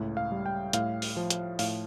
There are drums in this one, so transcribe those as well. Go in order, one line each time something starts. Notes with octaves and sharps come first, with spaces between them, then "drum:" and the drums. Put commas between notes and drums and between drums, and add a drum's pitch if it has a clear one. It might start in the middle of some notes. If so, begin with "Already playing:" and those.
Already playing: C#2 A2
F5
G3
G5
A2 F5, drum: hi-hat
drum: open hi-hat
F3
drum: hi-hat
A2 F5, drum: open hi-hat